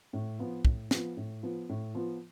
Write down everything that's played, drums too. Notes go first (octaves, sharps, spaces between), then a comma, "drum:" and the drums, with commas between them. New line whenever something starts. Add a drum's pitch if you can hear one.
A2
F3 B3 F4
A2, drum: kick
F3 B3 F4, drum: snare
A2
F3 B3 F4
A2
F3 B3 F4